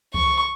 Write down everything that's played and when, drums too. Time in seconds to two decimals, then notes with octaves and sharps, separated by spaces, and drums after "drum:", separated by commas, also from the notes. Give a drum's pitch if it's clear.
0.14 C#6, drum: kick C#2